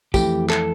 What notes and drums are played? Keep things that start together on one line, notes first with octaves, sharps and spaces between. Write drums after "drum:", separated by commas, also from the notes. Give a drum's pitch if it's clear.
F2 E3 A3 G4, drum: kick, tambourine
A4, drum: clap